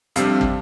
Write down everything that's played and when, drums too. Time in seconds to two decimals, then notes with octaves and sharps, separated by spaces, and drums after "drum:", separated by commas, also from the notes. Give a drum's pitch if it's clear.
0.16 F2 C3 G3 D4 F5, drum: hi-hat
0.41 drum: kick